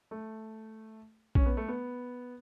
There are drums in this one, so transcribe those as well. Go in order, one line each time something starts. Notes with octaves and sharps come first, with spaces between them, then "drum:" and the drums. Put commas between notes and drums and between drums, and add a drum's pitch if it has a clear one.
A3
C#4, drum: kick
B3
A3
B3